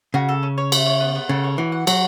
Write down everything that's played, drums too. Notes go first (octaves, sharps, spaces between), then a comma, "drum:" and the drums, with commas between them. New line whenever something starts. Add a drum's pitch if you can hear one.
C#3 F#4
A4
C#4
C#5
E4, drum: cymbal
C#5
B3
B3
C#3 A4
C#5
E3 F#4
F#5
F#3 F#4, drum: cymbal